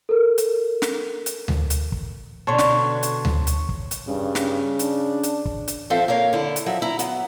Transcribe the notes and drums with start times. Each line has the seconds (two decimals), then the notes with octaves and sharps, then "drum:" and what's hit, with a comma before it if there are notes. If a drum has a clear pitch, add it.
0.09 A4 A#4
0.38 drum: hi-hat
0.82 drum: snare
1.26 drum: hi-hat
1.48 drum: tom D2
1.70 drum: hi-hat
1.92 drum: kick
2.47 B2 D3 D4 C#5 A5 C6
2.58 drum: snare
3.03 drum: hi-hat
3.25 drum: tom D2
3.47 drum: hi-hat
3.69 drum: kick
3.91 drum: hi-hat
4.08 G2 C#3
4.35 drum: snare
4.79 D4, drum: hi-hat
5.23 drum: hi-hat
5.45 drum: kick
5.68 drum: hi-hat
5.90 F3 C4 A4 C5 E5 F5
6.08 A#3 A#4 C#5 F5
6.33 D3 E4
6.56 drum: hi-hat
6.66 F3 F#3 E5
6.82 E4 A#5
6.99 F#3 B3, drum: hi-hat